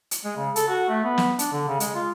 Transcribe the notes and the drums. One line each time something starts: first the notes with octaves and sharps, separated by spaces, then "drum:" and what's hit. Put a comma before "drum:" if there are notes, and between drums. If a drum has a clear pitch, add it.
drum: hi-hat
G#3
C#3
A4, drum: hi-hat
F#4
A3
B3
drum: snare
D4, drum: hi-hat
D3
C#3
G#3, drum: hi-hat
F4